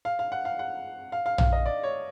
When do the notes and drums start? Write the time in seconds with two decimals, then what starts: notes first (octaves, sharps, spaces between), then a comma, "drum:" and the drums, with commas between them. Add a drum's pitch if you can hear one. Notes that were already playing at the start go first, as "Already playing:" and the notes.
0.05 F5
0.19 F5
0.32 F#5
0.45 F5
0.59 F#5
1.12 F5
1.26 F5
1.38 F5, drum: tom A#1
1.52 D#5
1.66 D5
1.83 C#5